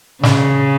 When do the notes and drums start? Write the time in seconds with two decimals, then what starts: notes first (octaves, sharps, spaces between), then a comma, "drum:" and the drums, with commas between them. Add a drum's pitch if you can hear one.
0.23 C#3, drum: snare